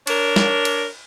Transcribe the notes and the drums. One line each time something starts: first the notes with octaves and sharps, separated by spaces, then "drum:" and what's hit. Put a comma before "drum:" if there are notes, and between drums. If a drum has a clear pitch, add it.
D4 A#4 C#5, drum: cymbal
drum: snare
drum: cymbal